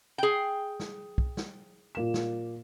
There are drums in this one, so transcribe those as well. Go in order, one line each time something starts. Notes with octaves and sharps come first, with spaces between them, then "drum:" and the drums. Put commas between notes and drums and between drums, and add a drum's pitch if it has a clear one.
G#4 G5
drum: snare
drum: kick
drum: snare
A#2 A#3 E7
drum: snare